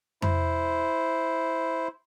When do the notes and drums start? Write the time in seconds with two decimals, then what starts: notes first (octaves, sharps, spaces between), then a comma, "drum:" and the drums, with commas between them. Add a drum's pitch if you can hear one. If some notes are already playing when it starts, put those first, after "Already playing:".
0.22 E4 C5, drum: tom F2